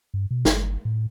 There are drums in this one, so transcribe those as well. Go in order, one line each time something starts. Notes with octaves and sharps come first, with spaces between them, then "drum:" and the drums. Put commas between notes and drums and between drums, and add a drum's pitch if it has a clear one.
G2
B2
G1, drum: snare
A2